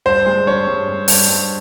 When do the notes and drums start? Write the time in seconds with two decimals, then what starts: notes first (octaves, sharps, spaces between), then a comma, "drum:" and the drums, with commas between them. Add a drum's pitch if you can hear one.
0.06 G2 C5
0.26 G#3
0.47 G2 C#5
0.67 G2
0.88 G2
1.08 G2, drum: open hi-hat
1.29 G2